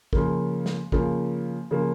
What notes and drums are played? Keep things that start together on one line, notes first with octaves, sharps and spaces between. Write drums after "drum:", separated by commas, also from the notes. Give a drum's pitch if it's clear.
C#3 F3 A#3, drum: kick
drum: snare
C#3 F3 A#3, drum: kick
C#3 F3 A#3